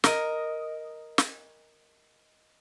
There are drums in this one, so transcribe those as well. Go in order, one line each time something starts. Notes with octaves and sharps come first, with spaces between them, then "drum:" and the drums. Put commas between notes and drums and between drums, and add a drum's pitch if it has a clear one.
A#4 D#5, drum: snare
drum: snare